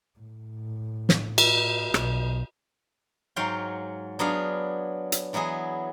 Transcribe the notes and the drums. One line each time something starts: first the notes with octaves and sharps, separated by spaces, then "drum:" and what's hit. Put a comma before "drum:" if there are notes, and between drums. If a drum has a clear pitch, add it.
A2
drum: snare
drum: cymbal
B1, drum: rim click
G#2 F#3 C#5 F5 G5 C6
F#3 B3 D4 G#4 F5
drum: hi-hat
E3 F#3 B3 E4 G#4